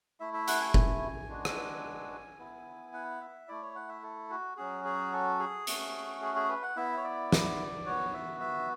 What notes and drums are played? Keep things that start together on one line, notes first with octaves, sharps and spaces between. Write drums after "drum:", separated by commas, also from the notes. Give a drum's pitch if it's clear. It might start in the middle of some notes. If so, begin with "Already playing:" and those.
A3 E4 E5
E5
F#5, drum: hi-hat
G#5
G#5, drum: kick
G#3 D4 F#4
drum: rim click
B3 E4
F#5
E5
A3 E4 D5
C#5
F#5
E5
A4
F#4
F#3 C#4 F#4 G#4
G#4
A4
G#4
A3 C#4 F#4, drum: hi-hat
G#4
G#4
B4
F#5
B3 E4 E5
C#5
D5
drum: snare
B3 F#4 C#5
E5
E5